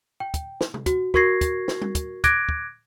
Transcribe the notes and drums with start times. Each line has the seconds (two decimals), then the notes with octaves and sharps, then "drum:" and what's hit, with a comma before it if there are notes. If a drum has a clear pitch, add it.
0.20 G5
0.34 drum: kick, hi-hat
0.61 drum: snare
0.74 drum: tom C3
0.86 F#4, drum: kick, hi-hat
1.14 F#4 A#4 C#6 G#6 A#6 C7, drum: kick
1.41 drum: kick, hi-hat
1.68 drum: snare
1.81 drum: tom G3
1.95 drum: kick, hi-hat
2.24 D6 F#6 G#6 A#6 D7, drum: kick, hi-hat
2.49 drum: kick